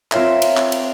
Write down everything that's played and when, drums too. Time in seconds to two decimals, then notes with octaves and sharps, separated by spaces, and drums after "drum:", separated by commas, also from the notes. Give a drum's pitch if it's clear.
0.12 C4 F4 A#4 C#5 E5 F5, drum: clap
0.42 drum: cymbal
0.57 drum: clap
0.72 drum: cymbal